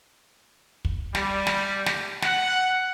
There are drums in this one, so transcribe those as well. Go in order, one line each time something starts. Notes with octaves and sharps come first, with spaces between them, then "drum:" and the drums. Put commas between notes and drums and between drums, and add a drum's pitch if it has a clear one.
drum: kick
G3, drum: snare
drum: snare
drum: snare
F#5, drum: snare